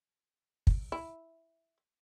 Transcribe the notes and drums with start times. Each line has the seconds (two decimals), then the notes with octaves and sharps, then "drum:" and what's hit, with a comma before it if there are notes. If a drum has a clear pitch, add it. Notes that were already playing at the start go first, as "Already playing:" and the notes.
0.67 drum: kick
0.92 E4